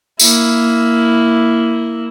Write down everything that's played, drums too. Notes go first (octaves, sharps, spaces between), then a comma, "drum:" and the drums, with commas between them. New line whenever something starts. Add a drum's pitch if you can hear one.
A#3 E4, drum: tambourine